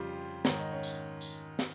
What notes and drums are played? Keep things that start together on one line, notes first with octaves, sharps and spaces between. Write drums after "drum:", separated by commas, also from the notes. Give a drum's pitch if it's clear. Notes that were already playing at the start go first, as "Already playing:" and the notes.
Already playing: F2 C#3 F3 G3 F4 G4
G#2 D#3 C#5, drum: snare
D#5
C#4 C#5
drum: tambourine
drum: tambourine
drum: snare